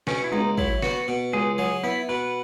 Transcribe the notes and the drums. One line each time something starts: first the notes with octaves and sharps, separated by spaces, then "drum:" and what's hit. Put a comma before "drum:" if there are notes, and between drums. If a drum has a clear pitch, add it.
B2 C#4, drum: snare
E4
C#2 D#4, drum: tom
F#3 E4, drum: kick
B3 F#4, drum: snare
B2
C#2 G#4
F#3 G#4
B3 E4
B2 B4